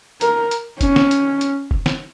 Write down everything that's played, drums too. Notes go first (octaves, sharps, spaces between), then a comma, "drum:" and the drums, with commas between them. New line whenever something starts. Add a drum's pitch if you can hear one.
A#4, drum: hi-hat
drum: hi-hat
C#4, drum: kick F1, hi-hat
drum: snare
drum: hi-hat
drum: hi-hat
drum: kick F1
drum: snare